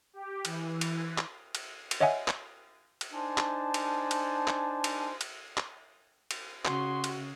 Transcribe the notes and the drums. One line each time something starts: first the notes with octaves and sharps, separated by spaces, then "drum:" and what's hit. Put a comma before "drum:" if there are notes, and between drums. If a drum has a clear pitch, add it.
G4
E3, drum: cymbal
drum: cymbal
drum: clap
drum: cymbal
drum: cymbal
C#5 D#5 E5 F#5 G#5
drum: clap
drum: cymbal
D4 D#4 C5 G#5 A5
drum: clap
drum: cymbal
drum: cymbal
drum: clap
drum: cymbal
drum: cymbal
drum: clap
drum: cymbal
C#3 F#4 C6, drum: clap
drum: cymbal